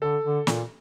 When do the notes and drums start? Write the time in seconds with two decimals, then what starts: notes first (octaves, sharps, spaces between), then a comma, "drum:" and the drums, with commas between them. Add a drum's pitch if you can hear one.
0.02 D3 A4
0.24 D3
0.47 A#2, drum: snare